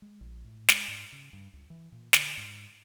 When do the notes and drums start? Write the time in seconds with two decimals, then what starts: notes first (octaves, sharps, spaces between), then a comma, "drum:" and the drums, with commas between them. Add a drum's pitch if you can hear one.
0.02 G#3
0.21 A#1
0.44 A2
0.68 G#3, drum: snare
0.88 G#2
1.12 C#3
1.33 G2
1.53 C#2
1.70 E3
1.92 A#2
2.13 D3, drum: snare
2.37 G#2